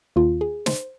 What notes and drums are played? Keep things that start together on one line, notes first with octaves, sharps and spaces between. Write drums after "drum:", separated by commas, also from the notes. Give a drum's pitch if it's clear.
D#2 D#3 A#3 F4
G#4
C5, drum: snare